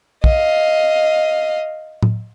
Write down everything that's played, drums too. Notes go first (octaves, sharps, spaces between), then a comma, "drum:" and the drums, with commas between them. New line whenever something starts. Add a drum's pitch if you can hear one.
D#5 F5, drum: kick
drum: tom A2